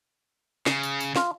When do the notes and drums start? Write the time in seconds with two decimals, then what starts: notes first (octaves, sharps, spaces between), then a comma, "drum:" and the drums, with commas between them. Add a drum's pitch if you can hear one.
0.66 C#3, drum: snare
0.83 drum: tambourine
1.00 drum: tambourine
1.16 F4, drum: snare